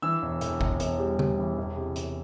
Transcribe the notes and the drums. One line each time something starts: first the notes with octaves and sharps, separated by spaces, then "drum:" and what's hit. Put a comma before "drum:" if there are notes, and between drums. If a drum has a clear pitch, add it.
E3 E6
E1
E1, drum: hi-hat
E1, drum: kick
E1, drum: hi-hat
G3
G3, drum: tom
E3
E1
C3
E1, drum: hi-hat